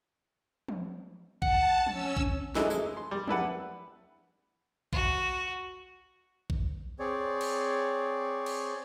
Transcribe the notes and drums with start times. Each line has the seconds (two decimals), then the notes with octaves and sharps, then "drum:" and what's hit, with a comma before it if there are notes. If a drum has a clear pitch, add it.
0.68 drum: tom
1.42 F#5 A5, drum: kick A#1
1.87 C#4 E6, drum: tom
2.17 drum: kick A#1
2.55 E3 F#3 G#3 A3 D#4 E4, drum: snare
2.70 G#3, drum: tambourine
2.97 C6
3.11 G3
3.28 D4 E4 B4 F#5, drum: tom
4.93 F#4, drum: kick A#1
6.50 drum: kick A#1
6.99 C4 G#4 C#5 D5
7.41 drum: cymbal
8.46 drum: cymbal